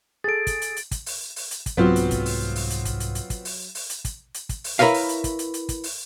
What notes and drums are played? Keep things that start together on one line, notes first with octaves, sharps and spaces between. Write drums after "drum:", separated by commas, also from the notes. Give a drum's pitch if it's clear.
G#4 A4 A6 D7
drum: kick, hi-hat
drum: hi-hat
drum: hi-hat
drum: kick, hi-hat
drum: open hi-hat
drum: open hi-hat
drum: hi-hat
drum: kick, hi-hat
C2 G#2 F#3 G#3 B3 C4 F4
drum: hi-hat
drum: kick, hi-hat
drum: open hi-hat
drum: open hi-hat
drum: hi-hat
drum: kick, hi-hat
drum: hi-hat
drum: hi-hat
drum: kick, hi-hat
drum: open hi-hat
drum: open hi-hat
drum: hi-hat
drum: kick, hi-hat
drum: hi-hat
drum: kick, hi-hat
drum: open hi-hat
E4 A#4 B4 C#5 F5
drum: open hi-hat
drum: hi-hat
drum: kick, hi-hat
drum: hi-hat
drum: hi-hat
drum: kick, hi-hat
drum: open hi-hat